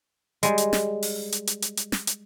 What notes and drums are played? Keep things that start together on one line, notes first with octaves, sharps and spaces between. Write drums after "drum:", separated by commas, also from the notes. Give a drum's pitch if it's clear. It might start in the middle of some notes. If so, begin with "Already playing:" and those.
G3 G#3, drum: hi-hat
drum: hi-hat
drum: snare
drum: open hi-hat
drum: hi-hat
drum: hi-hat
drum: hi-hat
drum: hi-hat
drum: snare
drum: hi-hat